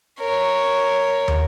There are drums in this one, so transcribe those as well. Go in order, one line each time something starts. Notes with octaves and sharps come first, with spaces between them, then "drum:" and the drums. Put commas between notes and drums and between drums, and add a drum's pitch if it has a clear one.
A#4 C#5
drum: tom